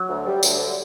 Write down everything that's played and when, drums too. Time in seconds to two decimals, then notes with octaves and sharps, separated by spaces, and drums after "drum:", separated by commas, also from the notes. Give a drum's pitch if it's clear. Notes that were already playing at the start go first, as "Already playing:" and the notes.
Already playing: F#3
0.09 D2
0.26 G3
0.43 D2, drum: tambourine
0.59 D3